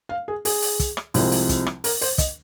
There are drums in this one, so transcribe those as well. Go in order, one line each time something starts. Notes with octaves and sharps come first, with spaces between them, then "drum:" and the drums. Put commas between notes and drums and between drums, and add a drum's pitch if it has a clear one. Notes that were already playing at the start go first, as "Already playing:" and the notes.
F5
G#4
G#4, drum: open hi-hat
drum: open hi-hat
drum: kick, hi-hat
drum: rim click
C2 C3 F3 G#3 C4, drum: open hi-hat
drum: open hi-hat
drum: kick, hi-hat
drum: rim click
A#4, drum: open hi-hat
C5, drum: open hi-hat
D#5, drum: kick, hi-hat